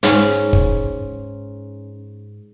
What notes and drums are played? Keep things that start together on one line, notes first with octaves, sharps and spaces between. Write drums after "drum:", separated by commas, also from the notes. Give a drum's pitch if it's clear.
G#2 C#4, drum: hi-hat
drum: kick